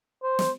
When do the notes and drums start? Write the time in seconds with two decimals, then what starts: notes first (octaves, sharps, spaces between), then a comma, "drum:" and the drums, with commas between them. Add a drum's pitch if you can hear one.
0.23 C5
0.39 drum: snare